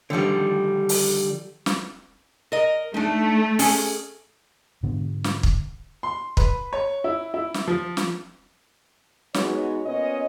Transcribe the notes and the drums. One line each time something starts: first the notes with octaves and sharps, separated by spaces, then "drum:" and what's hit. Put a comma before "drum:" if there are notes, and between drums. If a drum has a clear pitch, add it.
D3 D#3 F3 G3
drum: open hi-hat
drum: snare
A#4 D#5
A3 D4 D#4
C#4 G#4 A4, drum: open hi-hat
G#2 B2 D3 B3
drum: snare
drum: kick
C6
B4, drum: kick
C#5
E4
E4
drum: snare
F3
drum: snare
G#3 B3 D#4 F#4 C#5, drum: snare
A#2 B3 C#4 C#5 D#5